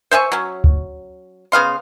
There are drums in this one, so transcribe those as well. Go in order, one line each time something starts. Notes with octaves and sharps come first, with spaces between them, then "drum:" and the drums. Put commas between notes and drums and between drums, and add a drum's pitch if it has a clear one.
C5 E5 G#5 C#6
F#3 C#4
drum: kick D2
C#3 B3 F5 C6